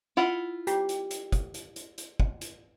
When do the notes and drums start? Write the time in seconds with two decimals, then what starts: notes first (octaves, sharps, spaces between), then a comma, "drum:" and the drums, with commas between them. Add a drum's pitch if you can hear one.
0.17 E4 F4 F#5
0.67 G4, drum: hi-hat
0.89 drum: hi-hat
1.11 drum: hi-hat
1.32 drum: kick, hi-hat
1.54 drum: hi-hat
1.76 drum: hi-hat
1.98 drum: hi-hat
2.20 drum: kick
2.41 drum: hi-hat